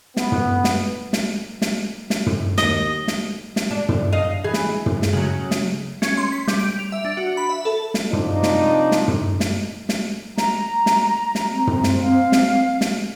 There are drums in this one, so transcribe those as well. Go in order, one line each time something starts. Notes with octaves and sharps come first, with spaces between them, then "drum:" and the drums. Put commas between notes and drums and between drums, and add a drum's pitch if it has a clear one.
B3, drum: snare
drum: tom
drum: snare
drum: snare
drum: snare
drum: snare
drum: tom
D#2 D#5, drum: snare
drum: snare
drum: snare
D4
drum: tom
D#5 F5
E3 G#4
drum: snare
drum: tom
drum: snare
C#3 F#3
drum: snare
C#4, drum: snare
C6
B6
G3, drum: snare
D7
F7
E5
D4
F#4
B5
E5
A4
drum: snare
C3 F3 D4 D#4, drum: tom
drum: snare
drum: snare
drum: tom
drum: snare
drum: snare
A#5, drum: snare
drum: snare
drum: snare
C4
drum: tom
drum: snare
F5
drum: snare
drum: snare